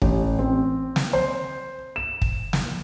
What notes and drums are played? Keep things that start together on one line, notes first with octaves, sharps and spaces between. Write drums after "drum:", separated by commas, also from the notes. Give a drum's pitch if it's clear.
A1, drum: kick
C4
drum: snare
C5
E7
drum: kick
drum: snare